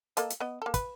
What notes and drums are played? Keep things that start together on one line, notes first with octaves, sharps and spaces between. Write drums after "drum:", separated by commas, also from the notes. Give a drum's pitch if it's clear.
A#3 A4 D#5, drum: hi-hat
drum: hi-hat
B3 D#5
A#3 A4
B4, drum: kick, hi-hat